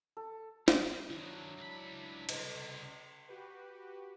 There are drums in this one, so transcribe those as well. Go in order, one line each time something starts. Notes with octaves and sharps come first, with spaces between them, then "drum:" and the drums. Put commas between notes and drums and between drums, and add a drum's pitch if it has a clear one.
A4
C5 D#5, drum: snare
D#3 F#3 D4 E4 F#4
C#2 B5
C2 C#3, drum: cymbal
F#4 G4 B4